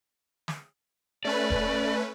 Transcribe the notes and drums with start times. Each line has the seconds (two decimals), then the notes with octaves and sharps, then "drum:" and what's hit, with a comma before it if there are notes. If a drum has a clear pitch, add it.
0.48 drum: snare
1.25 A3 C#4 B4 D5
1.50 drum: kick E1